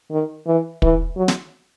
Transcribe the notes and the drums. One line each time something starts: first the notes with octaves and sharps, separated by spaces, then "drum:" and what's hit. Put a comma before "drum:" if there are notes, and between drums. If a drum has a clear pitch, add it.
D#3
E3
E3, drum: kick
F#3
drum: snare